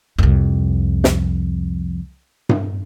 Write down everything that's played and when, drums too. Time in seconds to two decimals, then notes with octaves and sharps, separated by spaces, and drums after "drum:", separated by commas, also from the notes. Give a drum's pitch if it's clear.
0.19 C2 F2
1.04 drum: snare
2.49 drum: tom G2